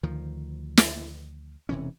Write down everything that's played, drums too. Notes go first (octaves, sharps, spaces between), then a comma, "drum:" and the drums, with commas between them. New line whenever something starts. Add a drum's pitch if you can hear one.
D2 D#3 F3
drum: snare
E1 C3 E3 C#4